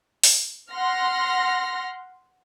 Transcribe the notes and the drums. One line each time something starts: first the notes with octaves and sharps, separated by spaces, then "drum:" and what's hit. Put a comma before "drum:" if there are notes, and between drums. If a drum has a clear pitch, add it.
drum: open hi-hat
F#5 C6 F6 A#6